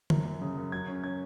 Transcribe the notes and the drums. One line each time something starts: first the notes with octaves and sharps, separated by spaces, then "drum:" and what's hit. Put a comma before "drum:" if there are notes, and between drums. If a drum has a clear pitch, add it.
F#2, drum: tom
F#2
C#3
F#2
F#3 G#6
C#4
C#4 G#6